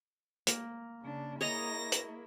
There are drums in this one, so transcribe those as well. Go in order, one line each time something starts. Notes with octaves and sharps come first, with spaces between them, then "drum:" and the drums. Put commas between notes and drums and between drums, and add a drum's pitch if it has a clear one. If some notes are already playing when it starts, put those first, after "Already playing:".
A#3, drum: hi-hat
C#3 D4
A#3 E4 G#4 C#5 D#5 A#5 A#6
drum: hi-hat